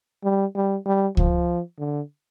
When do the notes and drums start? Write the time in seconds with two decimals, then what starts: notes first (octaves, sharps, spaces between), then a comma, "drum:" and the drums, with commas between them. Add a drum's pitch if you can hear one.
0.24 G3
0.55 G3
0.86 G3
1.17 F3, drum: kick C#2
1.79 D3